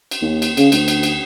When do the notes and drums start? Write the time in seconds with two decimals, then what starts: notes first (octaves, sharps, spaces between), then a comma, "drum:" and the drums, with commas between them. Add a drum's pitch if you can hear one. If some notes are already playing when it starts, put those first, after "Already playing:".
0.11 drum: cymbal
0.21 D#2
0.42 drum: cymbal
0.57 C#3, drum: cymbal
0.72 D2, drum: cymbal
0.88 drum: cymbal
1.03 drum: cymbal